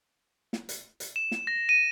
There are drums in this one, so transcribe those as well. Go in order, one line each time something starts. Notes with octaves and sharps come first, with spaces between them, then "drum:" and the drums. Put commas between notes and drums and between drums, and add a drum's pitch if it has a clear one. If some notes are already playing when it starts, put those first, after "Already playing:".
drum: snare
drum: hi-hat
drum: hi-hat
E7
drum: snare
A#6
D#7